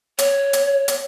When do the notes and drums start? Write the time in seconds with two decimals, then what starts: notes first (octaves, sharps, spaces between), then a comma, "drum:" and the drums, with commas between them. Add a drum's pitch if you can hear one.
0.19 C#5, drum: hi-hat
0.53 drum: hi-hat
0.88 drum: hi-hat